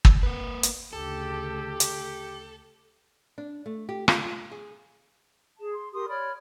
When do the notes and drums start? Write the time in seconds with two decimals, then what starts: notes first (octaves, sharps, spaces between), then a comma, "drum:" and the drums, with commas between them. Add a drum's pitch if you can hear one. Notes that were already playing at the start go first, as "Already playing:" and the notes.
0.05 drum: kick
0.23 A#3 B4
0.63 drum: hi-hat
0.93 D2 C#3 G4 A4
1.80 drum: hi-hat
3.38 D4
3.66 A3
3.89 G4
4.08 F4, drum: rim click
4.51 G#4
5.59 G#4 A5
5.73 C6
5.93 G4 A#4 C6 D#6
6.08 C#5 D5 B5 F6